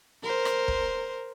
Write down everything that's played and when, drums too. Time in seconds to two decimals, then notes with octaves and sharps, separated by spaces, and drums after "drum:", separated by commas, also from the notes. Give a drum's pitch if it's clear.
0.23 A#4 C5
0.45 drum: rim click
0.68 drum: kick